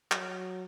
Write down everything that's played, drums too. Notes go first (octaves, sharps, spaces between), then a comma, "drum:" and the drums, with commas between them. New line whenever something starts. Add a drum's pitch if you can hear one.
F#3, drum: clap